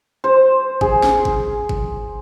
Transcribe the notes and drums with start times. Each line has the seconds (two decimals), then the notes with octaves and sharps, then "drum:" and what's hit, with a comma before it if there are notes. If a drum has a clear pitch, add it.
0.24 C5
0.81 G#4, drum: kick G1
1.03 drum: snare
1.25 drum: kick G1
1.69 drum: kick G1